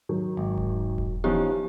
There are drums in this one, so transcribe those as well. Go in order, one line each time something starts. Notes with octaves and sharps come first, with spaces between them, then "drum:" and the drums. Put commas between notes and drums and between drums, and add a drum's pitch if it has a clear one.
D#3 F#3
G#1
drum: kick E1
drum: kick E1
E3 F3 B3 C#4 D#4 G4